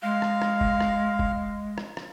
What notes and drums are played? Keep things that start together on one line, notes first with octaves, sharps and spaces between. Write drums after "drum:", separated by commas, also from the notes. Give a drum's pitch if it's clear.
G#3 F5
drum: rim click
drum: rim click
drum: kick F1
drum: rim click
drum: kick F1
drum: rim click
drum: rim click